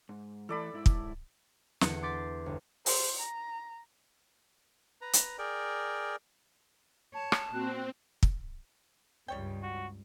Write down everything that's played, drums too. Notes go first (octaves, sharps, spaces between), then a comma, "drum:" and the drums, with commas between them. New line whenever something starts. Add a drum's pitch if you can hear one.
G#2
E3 A3 A4 D5 B5
G#2 E4
drum: kick
E2 D3 F#5, drum: snare
C6 D6 G6 A6 B6 C7
G1
C5, drum: open hi-hat
A#5
B4 A#5
drum: hi-hat
G#4 A#4 D5 G5
C#5 A5
drum: rim click
A#2 C4 F#4 F#6
drum: kick
C#2 G2 G3 C#5 G5
F#4